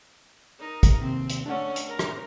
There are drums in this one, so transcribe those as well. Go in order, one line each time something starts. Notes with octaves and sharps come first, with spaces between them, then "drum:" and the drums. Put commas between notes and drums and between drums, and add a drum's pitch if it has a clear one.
D#4 A#4
drum: kick, hi-hat
D#2 C3 C4
drum: hi-hat
A3 C#4 D4 F#5
drum: hi-hat
A#4
drum: rim click